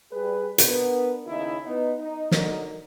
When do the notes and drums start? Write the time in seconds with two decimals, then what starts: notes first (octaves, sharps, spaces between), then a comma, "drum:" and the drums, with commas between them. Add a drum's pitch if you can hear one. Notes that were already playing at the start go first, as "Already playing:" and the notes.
0.12 G3 G#4 B4
0.58 B3 D4 A#4, drum: hi-hat
1.26 D#2 C#3 D#4 E4
1.66 B3 D#4
1.99 D#4
2.31 D3 F#3 D#4 A#4, drum: snare